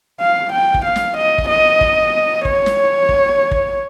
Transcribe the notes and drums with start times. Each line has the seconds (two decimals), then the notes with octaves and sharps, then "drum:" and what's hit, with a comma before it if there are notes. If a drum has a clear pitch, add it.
0.21 F5
0.53 G5
0.74 drum: kick
0.85 F5
0.96 drum: snare
1.17 D#5
1.38 drum: kick
1.49 D#5
1.81 drum: kick
2.45 C#5, drum: kick
2.66 drum: snare
3.09 drum: kick
3.51 drum: kick